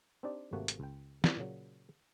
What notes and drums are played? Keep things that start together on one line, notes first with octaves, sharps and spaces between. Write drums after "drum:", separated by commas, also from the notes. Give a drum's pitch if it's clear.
C4 D4 D#4 G4 D5
G#1 C3 A3 A#3 F#4
drum: hi-hat
C#2 G5
G3, drum: snare
A#2 C#3 F#3